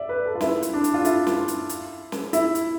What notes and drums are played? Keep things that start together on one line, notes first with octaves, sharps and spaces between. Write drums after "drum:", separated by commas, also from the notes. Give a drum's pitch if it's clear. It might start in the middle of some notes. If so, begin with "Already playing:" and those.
Already playing: D5 E5
B4
A4
F4
E4, drum: snare
drum: hi-hat
D4
drum: hi-hat
F4
E4, drum: hi-hat
drum: snare
drum: hi-hat
drum: hi-hat
drum: snare
E4, drum: hi-hat
drum: hi-hat